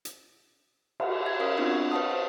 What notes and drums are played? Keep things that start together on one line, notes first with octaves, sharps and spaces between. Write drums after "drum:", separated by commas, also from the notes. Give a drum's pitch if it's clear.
drum: hi-hat
drum: cymbal
G#6
C#4 A#4 C#5 F5 D#6
B3 C4 D4 F4 F#4
C#6
B4 C#5 F5 F#5 A5 D#6
C5 F#5